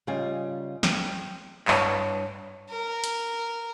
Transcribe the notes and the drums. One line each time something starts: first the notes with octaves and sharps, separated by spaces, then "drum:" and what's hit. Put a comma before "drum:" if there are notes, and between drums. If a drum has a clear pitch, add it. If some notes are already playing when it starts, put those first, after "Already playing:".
C#3 G3 F4 D#5 G#5
C4, drum: snare
G2 E4 B4 C#5 A5, drum: clap
A#4
drum: hi-hat